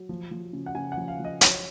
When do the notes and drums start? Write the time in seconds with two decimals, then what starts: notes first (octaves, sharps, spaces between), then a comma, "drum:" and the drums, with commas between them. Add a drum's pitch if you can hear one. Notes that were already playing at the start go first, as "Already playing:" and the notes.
Already playing: F#3
0.09 F3
0.31 F3
0.53 C#3
0.66 F#5
0.75 C#3 G#5
0.92 F#5
0.97 F3
1.08 F5
1.19 F3
1.25 D#5
1.41 F#3 C#5, drum: hi-hat